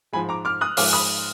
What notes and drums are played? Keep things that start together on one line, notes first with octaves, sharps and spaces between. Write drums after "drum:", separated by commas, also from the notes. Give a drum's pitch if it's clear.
G#2 F3 G#3 G#5 B5
A#5 D6
D6 F6
D#6 F#6
G#2 F3 G#3 D6 F6, drum: open hi-hat
B5 D#6